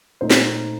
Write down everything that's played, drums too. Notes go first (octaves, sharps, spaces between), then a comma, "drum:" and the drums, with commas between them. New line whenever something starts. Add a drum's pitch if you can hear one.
A#2 A3 D#4 C5
drum: snare